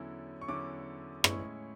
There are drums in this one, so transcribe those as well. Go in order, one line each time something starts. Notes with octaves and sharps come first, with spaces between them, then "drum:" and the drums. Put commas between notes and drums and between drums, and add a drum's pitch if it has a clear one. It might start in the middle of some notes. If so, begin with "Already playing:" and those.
Already playing: E2 D3 F#3 C#4 E4
C#6
E2 D3 F#3 C#4 E4 D6
A2 G#3 C#4 E4 C#6, drum: rim click